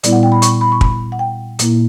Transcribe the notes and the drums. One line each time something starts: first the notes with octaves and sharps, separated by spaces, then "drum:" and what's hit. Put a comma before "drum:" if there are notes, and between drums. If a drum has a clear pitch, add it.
A#2 G3 B3 E4 D5, drum: hi-hat
F#5
G5
B5
C#6, drum: hi-hat
B5
C#6
B5, drum: kick
F#5
G5
A#2 A#3 E4, drum: hi-hat